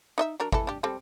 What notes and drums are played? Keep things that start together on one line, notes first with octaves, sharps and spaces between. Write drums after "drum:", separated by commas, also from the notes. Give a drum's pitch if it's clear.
D#4 D#5 E5
F#3 D4 A#4
E3 E4 A4, drum: kick
D4 G4
G3 C4 A4